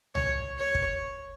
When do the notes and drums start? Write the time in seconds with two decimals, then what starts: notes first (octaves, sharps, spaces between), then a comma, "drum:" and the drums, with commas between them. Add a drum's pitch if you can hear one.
0.15 C#5, drum: tom C2
0.59 C#5
0.75 drum: kick